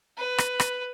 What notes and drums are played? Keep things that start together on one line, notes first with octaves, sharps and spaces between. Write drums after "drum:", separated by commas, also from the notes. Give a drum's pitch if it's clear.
B4
drum: rim click
drum: rim click